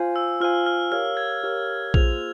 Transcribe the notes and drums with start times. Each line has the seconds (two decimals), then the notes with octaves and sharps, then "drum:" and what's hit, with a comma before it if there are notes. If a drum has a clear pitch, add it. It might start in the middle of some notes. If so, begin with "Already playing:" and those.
Already playing: F4 C5 F5 G#5
0.16 E6
0.40 F4 C5 F5 G#5 F6
0.66 F6
0.91 G4 A#4 C#5 F5 F6
1.17 G#6
1.44 G4 A#4 C#5 F5
1.94 A#3 F4 G#4 C5 F7, drum: kick A#1